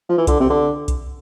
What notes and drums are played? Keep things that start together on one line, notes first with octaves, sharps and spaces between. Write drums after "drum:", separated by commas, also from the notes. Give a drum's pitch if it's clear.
F3
E3
D3, drum: kick B1, hi-hat
C3
D3
drum: kick B1, hi-hat